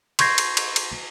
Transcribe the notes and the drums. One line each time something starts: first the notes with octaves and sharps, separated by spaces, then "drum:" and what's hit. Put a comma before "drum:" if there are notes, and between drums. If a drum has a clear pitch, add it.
C6 C#6 G6 G#6 A#6 C7, drum: cymbal
drum: cymbal
drum: cymbal
drum: cymbal